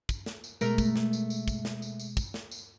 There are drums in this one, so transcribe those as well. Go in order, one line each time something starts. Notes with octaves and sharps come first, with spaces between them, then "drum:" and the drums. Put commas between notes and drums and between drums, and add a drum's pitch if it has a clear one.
drum: kick, tambourine
drum: snare
drum: tambourine
B2 G#3 A3 A#4, drum: tambourine
drum: kick, tambourine
drum: snare
drum: tambourine
drum: tambourine
drum: kick, tambourine
drum: snare
drum: tambourine
drum: tambourine
drum: kick, tambourine
drum: snare
drum: tambourine